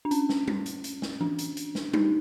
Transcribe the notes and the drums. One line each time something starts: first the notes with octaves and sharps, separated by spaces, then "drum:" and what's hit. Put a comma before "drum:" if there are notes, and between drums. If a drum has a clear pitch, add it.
D4
C#4, drum: hi-hat
drum: snare
drum: tom G3
drum: hi-hat
drum: hi-hat
drum: snare
D4, drum: tom E3
drum: hi-hat
drum: hi-hat
drum: snare
D#4, drum: tom G3